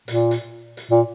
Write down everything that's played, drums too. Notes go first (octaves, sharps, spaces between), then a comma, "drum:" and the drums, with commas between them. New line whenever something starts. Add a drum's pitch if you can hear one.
A#2, drum: hi-hat
drum: hi-hat
drum: hi-hat
A#2